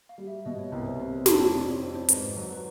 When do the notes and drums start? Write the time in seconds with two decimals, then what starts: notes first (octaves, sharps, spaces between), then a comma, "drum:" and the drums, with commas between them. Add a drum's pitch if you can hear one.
0.09 F5
0.18 G3
0.27 E5
0.45 B2 D#5
0.58 C#5
0.72 C2 B4
0.87 C5
1.00 C3 C5
1.13 C#5
1.26 F2 C5, drum: snare
1.54 C3 D5
1.68 C#5
1.82 F2 C5
1.95 C5
2.09 G#2 B4, drum: hi-hat
2.37 F#3
2.52 B4